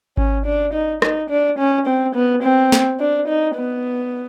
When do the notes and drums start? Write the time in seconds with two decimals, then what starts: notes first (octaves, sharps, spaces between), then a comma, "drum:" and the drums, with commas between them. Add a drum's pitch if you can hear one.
0.17 C#4, drum: kick G#1
0.46 D4
0.73 D#4
1.02 D#4, drum: rim click
1.30 D4
1.59 C#4
1.87 C4
2.15 B3
2.43 C4
2.72 drum: snare
3.00 D4
3.28 D#4
3.55 B3